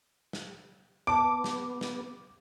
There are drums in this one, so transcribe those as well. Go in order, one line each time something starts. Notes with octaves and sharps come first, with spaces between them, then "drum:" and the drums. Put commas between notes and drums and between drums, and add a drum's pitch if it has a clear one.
drum: snare
B3 A5 D6 D7
drum: snare
drum: snare